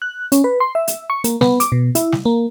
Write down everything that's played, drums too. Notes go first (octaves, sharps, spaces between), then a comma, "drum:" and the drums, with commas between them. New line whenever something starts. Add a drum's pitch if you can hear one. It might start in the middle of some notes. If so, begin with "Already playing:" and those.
F#6
C#4, drum: hi-hat
B4
C6
E5
drum: hi-hat
C#6
A#3, drum: hi-hat
B3, drum: snare
D6, drum: hi-hat
B2
E4, drum: hi-hat
drum: snare
A#3